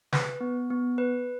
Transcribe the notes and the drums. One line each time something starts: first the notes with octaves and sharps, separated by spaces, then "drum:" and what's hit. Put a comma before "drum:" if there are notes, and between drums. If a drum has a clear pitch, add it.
B4, drum: snare
B3
B3
B4